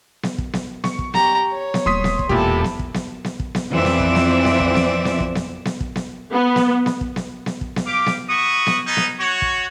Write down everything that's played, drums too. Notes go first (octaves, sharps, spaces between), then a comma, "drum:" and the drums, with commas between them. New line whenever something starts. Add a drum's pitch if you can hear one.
drum: snare B3
drum: kick
drum: snare B3
C#6, drum: snare B3
drum: kick
G4 A#5, drum: snare B3
C#5
drum: snare B3
D#1 C6 D#6 B6
drum: snare B3
drum: kick
E1 A#2 E4 G4 A4
drum: snare B3
drum: kick
drum: snare B3
drum: snare B3
drum: kick
drum: snare B3
F2 E3 C4 D5 E5
drum: snare B3
drum: kick
drum: snare B3
drum: snare B3
drum: kick
drum: snare B3
drum: snare B3
drum: kick
drum: snare B3
drum: snare B3
drum: kick
drum: snare B3
B3
drum: snare B3
drum: snare B3
drum: kick
drum: snare B3
drum: snare B3
drum: kick
drum: snare B3
G4 F5 D6
drum: snare B3
E4 F#4 C#6 D#6
drum: snare B3
B3 C#4 D#4
drum: snare B3
F#4 C#5
drum: kick